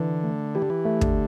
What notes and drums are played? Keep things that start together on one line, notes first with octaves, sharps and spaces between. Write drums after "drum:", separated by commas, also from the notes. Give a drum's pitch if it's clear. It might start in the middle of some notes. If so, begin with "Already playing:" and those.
Already playing: D3 E3
A3
E3 G4
D3
E3
A3
D3, drum: kick